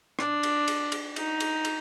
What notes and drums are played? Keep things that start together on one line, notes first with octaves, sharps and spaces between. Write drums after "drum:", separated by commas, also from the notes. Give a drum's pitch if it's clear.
D4, drum: rim click
drum: cymbal
drum: cymbal
drum: cymbal
D#4, drum: cymbal
drum: cymbal
drum: cymbal